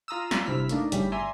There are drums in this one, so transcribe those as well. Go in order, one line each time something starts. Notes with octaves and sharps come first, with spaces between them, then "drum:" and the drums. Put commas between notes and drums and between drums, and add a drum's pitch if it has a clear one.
F4 A#5 D#6 E6
drum: snare
G1 C3 E4 E6 F6 B6
A3 A#3 D4 D#4, drum: hi-hat
G1 A2 C#3 G3 B6, drum: hi-hat
D5 E5 G#5 A#5 C6